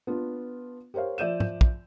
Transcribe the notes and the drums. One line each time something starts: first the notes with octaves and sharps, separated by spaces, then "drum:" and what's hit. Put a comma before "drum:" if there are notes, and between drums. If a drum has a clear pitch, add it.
B3 D4 F4
G4 A#4 C5 C#5 F5
F3 D5 E5 G6 D#7 E7
drum: tom G#2
drum: kick